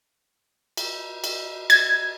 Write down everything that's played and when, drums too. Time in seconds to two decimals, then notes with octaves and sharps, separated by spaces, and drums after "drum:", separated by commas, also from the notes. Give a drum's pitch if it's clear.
0.77 drum: cymbal
1.24 drum: cymbal
1.70 G#6, drum: cymbal